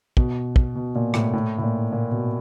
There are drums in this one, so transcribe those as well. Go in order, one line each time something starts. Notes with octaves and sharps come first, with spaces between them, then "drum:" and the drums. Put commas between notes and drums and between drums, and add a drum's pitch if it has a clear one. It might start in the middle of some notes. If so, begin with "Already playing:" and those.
B2, drum: kick
drum: kick
B2
A#2
A2, drum: rim click
A2
A2
A#2
A#2
B2